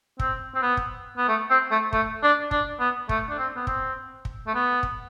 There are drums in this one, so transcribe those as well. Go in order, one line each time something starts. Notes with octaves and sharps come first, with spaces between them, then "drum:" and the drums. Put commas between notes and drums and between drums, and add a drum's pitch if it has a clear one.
C4, drum: kick
C4
B3
drum: kick
B3
A3
C4
A3
A3, drum: kick
D4
D4, drum: kick
B3
A3, drum: kick
D4
C4
B3
C4, drum: kick
drum: kick
A3
B3
drum: kick